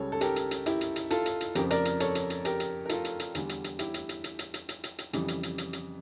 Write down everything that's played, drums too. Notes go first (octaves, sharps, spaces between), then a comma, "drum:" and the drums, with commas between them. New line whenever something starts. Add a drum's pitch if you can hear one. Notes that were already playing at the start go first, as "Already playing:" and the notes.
Already playing: C#2 C#3 G3 A4 C#5
A4
G4 A#4, drum: hi-hat
drum: hi-hat
drum: hi-hat
E4 G4, drum: hi-hat
drum: hi-hat
drum: hi-hat
F4 A4, drum: hi-hat
drum: hi-hat
drum: hi-hat
F2 C#3 F3 G4 A#4, drum: hi-hat
A#4 D5, drum: hi-hat
drum: hi-hat
A4 C#5, drum: hi-hat
drum: hi-hat
drum: hi-hat
G4 A#4, drum: hi-hat
drum: hi-hat
A#4
F4 A4, drum: hi-hat
drum: hi-hat
drum: hi-hat
E2 D3 G3, drum: hi-hat
drum: hi-hat
drum: hi-hat
E4 G4, drum: hi-hat
drum: hi-hat
drum: hi-hat
drum: hi-hat
drum: hi-hat
drum: hi-hat
drum: hi-hat
drum: hi-hat
drum: hi-hat
F2 C#3 E3 G3, drum: hi-hat
drum: hi-hat
drum: hi-hat
drum: hi-hat
drum: hi-hat